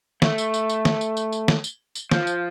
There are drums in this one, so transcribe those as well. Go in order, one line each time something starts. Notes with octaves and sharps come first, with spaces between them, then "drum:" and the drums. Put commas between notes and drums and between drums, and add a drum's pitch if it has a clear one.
A3, drum: snare
drum: tambourine
drum: tambourine
drum: tambourine
drum: snare
drum: tambourine
drum: tambourine
drum: tambourine
drum: snare
drum: tambourine
drum: tambourine
F3, drum: snare
drum: tambourine